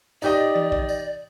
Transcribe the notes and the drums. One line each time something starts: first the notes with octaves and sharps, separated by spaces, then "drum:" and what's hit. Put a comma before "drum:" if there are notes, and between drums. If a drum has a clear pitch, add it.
D#4 G4 D5 D#5, drum: tambourine
drum: tom E3
drum: kick
drum: tambourine